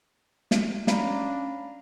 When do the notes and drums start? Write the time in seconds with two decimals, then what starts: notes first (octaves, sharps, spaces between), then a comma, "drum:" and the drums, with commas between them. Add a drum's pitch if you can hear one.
0.51 drum: snare
0.87 C#4 D4 F5 A#5 B5, drum: snare